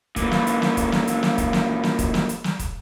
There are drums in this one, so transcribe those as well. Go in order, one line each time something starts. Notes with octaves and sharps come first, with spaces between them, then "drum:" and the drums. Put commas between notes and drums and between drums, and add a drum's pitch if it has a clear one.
A#2 E3, drum: kick, hi-hat
drum: snare
drum: hi-hat
drum: snare
drum: kick, hi-hat
drum: snare
drum: hi-hat
drum: snare
drum: kick, hi-hat
drum: snare
drum: snare
drum: kick, hi-hat
drum: snare
drum: hi-hat
drum: snare
drum: kick, hi-hat